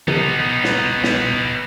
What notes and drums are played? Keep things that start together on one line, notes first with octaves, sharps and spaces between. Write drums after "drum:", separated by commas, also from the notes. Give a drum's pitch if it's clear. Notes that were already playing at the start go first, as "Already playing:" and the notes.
B3 D#4, drum: tom C3
drum: snare
drum: snare